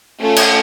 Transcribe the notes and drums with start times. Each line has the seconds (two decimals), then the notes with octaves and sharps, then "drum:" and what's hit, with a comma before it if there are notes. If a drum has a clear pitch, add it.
0.19 A3 C#4 F4 A4
0.36 drum: cymbal